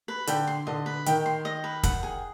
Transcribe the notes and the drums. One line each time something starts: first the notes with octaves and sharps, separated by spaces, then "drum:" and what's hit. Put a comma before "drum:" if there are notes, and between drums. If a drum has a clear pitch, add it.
B4
D3 G5, drum: hi-hat
C6
D3 D#5
B4
D#3 G5, drum: hi-hat
C6
D#5
B4
F#5, drum: kick, hi-hat
G#4